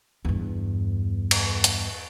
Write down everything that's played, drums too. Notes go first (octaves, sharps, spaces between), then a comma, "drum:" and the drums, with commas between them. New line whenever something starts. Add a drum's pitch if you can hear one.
E2 G2
drum: cymbal
drum: hi-hat